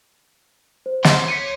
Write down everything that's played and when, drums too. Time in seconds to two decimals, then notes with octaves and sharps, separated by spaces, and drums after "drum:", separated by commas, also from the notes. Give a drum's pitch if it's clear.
0.86 C5
1.04 C#5 C6, drum: snare
1.28 B6 C#7 D#7